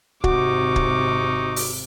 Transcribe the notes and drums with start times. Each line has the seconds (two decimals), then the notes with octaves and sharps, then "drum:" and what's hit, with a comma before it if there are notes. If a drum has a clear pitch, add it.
0.24 G#1 C3 D#4 F#4 C#6 D6, drum: kick
0.76 drum: kick
1.56 drum: open hi-hat